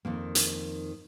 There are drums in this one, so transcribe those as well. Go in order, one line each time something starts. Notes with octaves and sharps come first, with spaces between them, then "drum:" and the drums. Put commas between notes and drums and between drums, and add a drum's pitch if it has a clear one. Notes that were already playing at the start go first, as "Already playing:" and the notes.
F2 D#3 A#3
drum: hi-hat